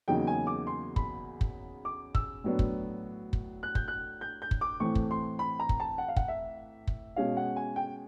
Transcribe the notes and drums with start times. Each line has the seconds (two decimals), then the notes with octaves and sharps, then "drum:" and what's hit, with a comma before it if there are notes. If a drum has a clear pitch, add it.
0.08 E2 C#3 F#3 A#3 D#4 G5
0.27 G#5
0.47 D6
0.67 C6
0.96 B5, drum: kick
1.41 drum: kick
1.85 D6
2.15 E6, drum: kick
2.44 A2 F#3 B3 D4
2.59 drum: kick
3.33 drum: kick
3.63 F#6
3.75 G6, drum: kick
3.88 F#6
4.21 G6
4.42 G6
4.51 drum: kick
4.61 D6
4.80 A2 E3 A3 C4 C#6
4.95 drum: kick
5.11 C6
5.39 B5
5.60 A#5
5.69 drum: kick
5.80 A5
5.98 F#5
6.08 F5
6.16 F#5, drum: kick
6.28 E5
6.87 drum: kick
7.16 B2 G#3 C#4 F5
7.37 F#5
7.56 G#5
7.76 G5